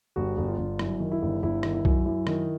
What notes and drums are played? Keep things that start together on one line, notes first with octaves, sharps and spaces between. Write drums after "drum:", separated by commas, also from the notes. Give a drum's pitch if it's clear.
G1 F#4
G1
F4
G1
F#2 E4, drum: rim click
D#3
E4
G1
G1 E4
D#3, drum: rim click
E4
F#2, drum: kick B1
F#2 E4
D#3, drum: rim click